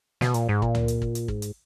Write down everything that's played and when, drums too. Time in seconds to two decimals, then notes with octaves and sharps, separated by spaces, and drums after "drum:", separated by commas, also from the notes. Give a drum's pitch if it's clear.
0.21 B2, drum: snare
0.34 A#2, drum: hi-hat
0.49 G#2
0.62 A#2, drum: kick
0.75 drum: tom
0.88 drum: hi-hat
1.02 drum: kick
1.15 drum: hi-hat
1.28 G#2, drum: kick
1.42 drum: hi-hat